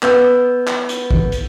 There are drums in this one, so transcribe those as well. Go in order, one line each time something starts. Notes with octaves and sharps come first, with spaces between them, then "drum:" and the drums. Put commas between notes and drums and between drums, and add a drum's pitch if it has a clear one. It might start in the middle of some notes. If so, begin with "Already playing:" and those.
B3 E6 G6, drum: clap
drum: clap
drum: hi-hat
drum: kick
drum: hi-hat